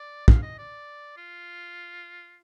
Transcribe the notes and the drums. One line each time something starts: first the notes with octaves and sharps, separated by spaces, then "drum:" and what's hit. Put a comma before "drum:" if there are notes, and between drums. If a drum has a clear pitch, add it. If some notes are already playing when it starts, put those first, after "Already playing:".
Already playing: D5
F5, drum: kick
D#5
D5
F4